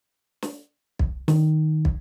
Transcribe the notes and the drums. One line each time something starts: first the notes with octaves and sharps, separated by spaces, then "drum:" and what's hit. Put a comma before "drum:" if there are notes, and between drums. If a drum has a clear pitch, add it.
drum: snare
drum: kick
D#3, drum: snare
drum: kick